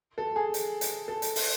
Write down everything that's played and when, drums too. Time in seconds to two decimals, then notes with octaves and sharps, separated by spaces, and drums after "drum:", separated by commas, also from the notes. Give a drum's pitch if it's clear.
0.18 A4
0.36 G#4
0.54 drum: hi-hat
0.81 drum: hi-hat
1.08 A4
1.22 drum: hi-hat
1.36 drum: open hi-hat